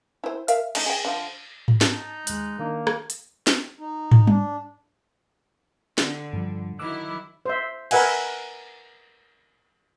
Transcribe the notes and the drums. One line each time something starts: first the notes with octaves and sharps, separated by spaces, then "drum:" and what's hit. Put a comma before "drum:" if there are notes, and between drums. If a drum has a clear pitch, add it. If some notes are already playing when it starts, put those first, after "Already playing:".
E4 C5
A#4 E5 F5, drum: hi-hat
A3 D#4, drum: cymbal
G#4 G5
D3 F3
drum: tom G#2
D#4 A5, drum: snare
D#2 G#3 F#6, drum: hi-hat
D#3 A#3 D4
drum: rim click
drum: hi-hat
drum: snare
D#4
drum: tom
D4, drum: tom
D3, drum: snare
G2 F3
D#3 F#3 E4 D6 E6 F#6
C5 E5
A#4 B4 E5 F#5 G#5, drum: cymbal